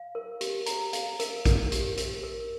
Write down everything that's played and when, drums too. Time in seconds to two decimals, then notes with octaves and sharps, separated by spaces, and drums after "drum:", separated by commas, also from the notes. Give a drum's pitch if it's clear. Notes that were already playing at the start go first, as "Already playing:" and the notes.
Already playing: F5
0.15 A#4
0.41 G4, drum: hi-hat
0.66 A#5, drum: hi-hat
0.93 F5, drum: hi-hat
1.20 A#4, drum: hi-hat
1.45 A#4, drum: kick, hi-hat
1.72 G4, drum: hi-hat
1.97 A#4, drum: hi-hat
2.23 A#4